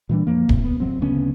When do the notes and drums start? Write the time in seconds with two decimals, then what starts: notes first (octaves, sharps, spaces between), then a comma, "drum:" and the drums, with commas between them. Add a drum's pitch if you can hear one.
0.09 A#2 E3 G3 D4
0.27 F#2 F3 A#3
0.49 A2 C3, drum: kick D1
0.64 B3
0.80 D1 F#3 C4
1.02 D2 C#3 B3 C#4